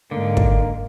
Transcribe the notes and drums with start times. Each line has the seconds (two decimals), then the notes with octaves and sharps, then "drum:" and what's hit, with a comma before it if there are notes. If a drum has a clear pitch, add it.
0.11 G#2 D3 A#3
0.37 drum: kick